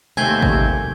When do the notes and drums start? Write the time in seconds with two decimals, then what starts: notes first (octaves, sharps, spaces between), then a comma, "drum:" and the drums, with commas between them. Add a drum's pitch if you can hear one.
0.17 D#2 C3 A3 C4 G#5 G6 G#6 G7
0.42 drum: kick